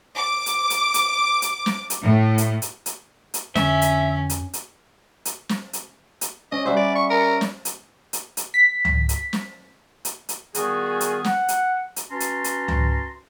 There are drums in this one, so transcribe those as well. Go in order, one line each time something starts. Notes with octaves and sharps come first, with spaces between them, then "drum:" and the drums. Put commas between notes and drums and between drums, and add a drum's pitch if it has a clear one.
D6
drum: hi-hat
drum: hi-hat
drum: hi-hat
drum: hi-hat
drum: snare
drum: hi-hat
A2
drum: hi-hat
drum: hi-hat
drum: hi-hat
drum: hi-hat
F2 D3 C#4 E5 G5 G#5, drum: snare
drum: hi-hat
drum: hi-hat
drum: hi-hat
drum: hi-hat
drum: snare
drum: hi-hat
drum: hi-hat
C#4 D#5
G3 C5 E5 F#5
D5
C#6
A#4
drum: snare
drum: hi-hat
drum: hi-hat
drum: hi-hat
B6
drum: tom C#2
drum: hi-hat
drum: snare
drum: hi-hat
drum: hi-hat
D#3 G3 B3 F4 F#4 G#4, drum: hi-hat
drum: hi-hat
F#5, drum: snare
drum: hi-hat
drum: hi-hat
C#4 F#4 B4 A5 A#5 C6
drum: hi-hat
drum: hi-hat
drum: tom C#2